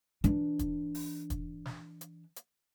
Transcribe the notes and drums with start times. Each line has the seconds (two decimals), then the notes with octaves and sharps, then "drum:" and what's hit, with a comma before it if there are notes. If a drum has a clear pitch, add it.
0.24 E3 D4, drum: hi-hat
0.59 drum: kick, hi-hat
0.95 drum: open hi-hat
1.30 drum: kick, hi-hat
1.65 drum: snare
2.01 drum: hi-hat
2.36 drum: hi-hat